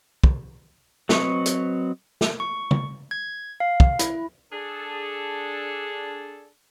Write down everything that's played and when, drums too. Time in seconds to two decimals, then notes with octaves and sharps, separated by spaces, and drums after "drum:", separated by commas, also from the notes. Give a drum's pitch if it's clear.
0.24 drum: kick
1.09 F#3 C4 B4 D#5 C#6, drum: snare
1.46 drum: hi-hat
2.21 drum: snare
2.40 C#6
2.71 drum: tom
3.11 G#6
3.60 F5
3.80 drum: kick
3.99 E4, drum: hi-hat
4.53 D4 G#4 A4